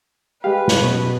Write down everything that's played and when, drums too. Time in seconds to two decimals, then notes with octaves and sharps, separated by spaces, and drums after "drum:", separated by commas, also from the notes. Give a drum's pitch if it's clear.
0.44 G#3 G4 B4 F5
0.68 drum: snare
0.81 F#2 B2 C#6